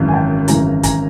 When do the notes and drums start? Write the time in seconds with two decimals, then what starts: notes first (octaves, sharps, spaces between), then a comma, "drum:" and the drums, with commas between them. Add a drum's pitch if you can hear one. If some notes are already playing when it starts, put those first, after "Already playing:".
Already playing: G#1 F#2 C#3 E3
0.08 G#5
0.13 G5 A5
0.48 G#1 F#2 C#3 E3 G#5 A#5, drum: hi-hat
0.83 G#5 A#5, drum: kick, hi-hat